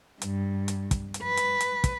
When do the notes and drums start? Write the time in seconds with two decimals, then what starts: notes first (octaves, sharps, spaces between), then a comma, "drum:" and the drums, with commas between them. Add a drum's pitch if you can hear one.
0.22 G2, drum: hi-hat
0.68 drum: hi-hat
0.91 drum: kick, hi-hat
1.14 drum: hi-hat
1.23 B4
1.37 drum: hi-hat
1.61 drum: hi-hat
1.84 drum: kick, hi-hat